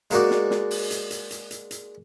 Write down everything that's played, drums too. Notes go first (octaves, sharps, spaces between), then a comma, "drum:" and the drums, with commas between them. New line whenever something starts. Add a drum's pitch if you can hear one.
G#3 A#3 D#4 F#4 D5, drum: hi-hat
drum: snare
drum: snare
drum: open hi-hat
drum: hi-hat
drum: hi-hat
drum: hi-hat
drum: hi-hat
drum: hi-hat